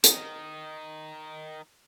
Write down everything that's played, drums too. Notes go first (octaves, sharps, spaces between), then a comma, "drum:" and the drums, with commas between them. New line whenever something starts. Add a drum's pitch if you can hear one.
D#3 D#4, drum: hi-hat